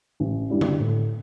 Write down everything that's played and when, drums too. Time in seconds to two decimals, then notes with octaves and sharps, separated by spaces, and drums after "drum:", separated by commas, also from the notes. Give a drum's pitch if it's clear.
0.20 A1
0.50 G2 G3 E4
0.61 drum: tom D3
0.79 A2